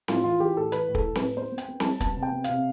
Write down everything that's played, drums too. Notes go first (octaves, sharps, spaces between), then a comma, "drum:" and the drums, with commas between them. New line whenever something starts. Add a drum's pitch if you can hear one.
A2 F4, drum: snare C4
E3 F4
E3 G4
A2 A4
E3 B4, drum: hi-hat
A2
A4, drum: kick
A2
B4, drum: snare C4
A2
B3 C5
B3
G5, drum: hi-hat
B3
G3 A5, drum: snare C4
B3 A5, drum: kick, hi-hat
C3
G5
B3
F5, drum: hi-hat
C3